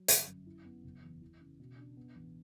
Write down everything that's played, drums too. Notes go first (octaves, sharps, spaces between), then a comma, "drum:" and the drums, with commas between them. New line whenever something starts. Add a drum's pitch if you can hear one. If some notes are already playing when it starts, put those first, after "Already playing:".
Already playing: F#3
G1, drum: hi-hat
F#2
E4
B3
F#1
E2
E3
C#3
B2
D4
B3
A1